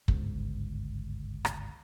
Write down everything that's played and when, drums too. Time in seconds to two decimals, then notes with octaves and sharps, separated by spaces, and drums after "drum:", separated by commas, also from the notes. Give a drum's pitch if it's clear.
0.08 G1 C#2 G#2, drum: kick
1.45 drum: rim click